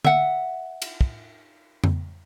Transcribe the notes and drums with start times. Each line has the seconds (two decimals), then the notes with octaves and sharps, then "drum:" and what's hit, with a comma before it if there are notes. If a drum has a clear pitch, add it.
0.05 E5 F#5, drum: tom D3
0.82 drum: cymbal
1.01 drum: kick
1.84 drum: tom F2